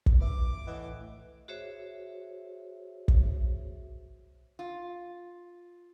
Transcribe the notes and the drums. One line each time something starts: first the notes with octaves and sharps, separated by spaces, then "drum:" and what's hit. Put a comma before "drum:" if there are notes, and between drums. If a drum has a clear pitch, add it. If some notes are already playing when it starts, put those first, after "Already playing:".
drum: kick
A#1 B4 E5 D6
A2 E3 D#5 F#5
F#4 G#4 C5 C#5 E5
drum: kick
F4